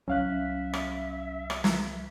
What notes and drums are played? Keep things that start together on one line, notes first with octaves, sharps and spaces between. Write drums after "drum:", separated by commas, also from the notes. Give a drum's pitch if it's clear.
C2 F#3 C#4 E5 F5 F#6
drum: rim click
drum: rim click
drum: snare